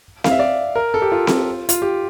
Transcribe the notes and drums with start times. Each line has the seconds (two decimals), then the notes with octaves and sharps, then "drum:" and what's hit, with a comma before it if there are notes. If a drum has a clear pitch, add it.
0.24 F5, drum: snare C4
0.31 E5
0.39 D5
0.76 A#4
0.94 A4
1.02 G4
1.12 F4
1.27 drum: snare C4
1.69 F4, drum: hi-hat
1.82 G4